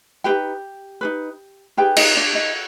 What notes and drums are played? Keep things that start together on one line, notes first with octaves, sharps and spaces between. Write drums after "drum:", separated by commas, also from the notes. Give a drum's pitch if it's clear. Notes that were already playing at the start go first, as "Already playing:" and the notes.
D#4 G4 G#4 B4 G5
D#4 G#4 B4
D#4 G4 G#4 B4 G5
D#4 D#5, drum: cymbal
D4 D5
D#4 D#5